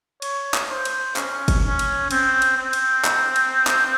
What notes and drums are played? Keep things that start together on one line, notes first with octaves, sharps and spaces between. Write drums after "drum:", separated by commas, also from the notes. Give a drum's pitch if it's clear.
C#5, drum: cymbal
drum: clap
C5
drum: cymbal
C#4, drum: clap
drum: kick, cymbal
C#4
drum: cymbal
C4, drum: cymbal
drum: cymbal
C4
drum: cymbal
drum: clap
drum: cymbal
drum: clap